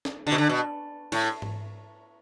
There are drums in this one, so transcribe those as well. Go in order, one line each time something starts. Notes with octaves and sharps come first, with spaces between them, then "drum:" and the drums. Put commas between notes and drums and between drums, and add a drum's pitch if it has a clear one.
drum: snare
D3
B2
D3
B2
A2, drum: cymbal
drum: tom G#2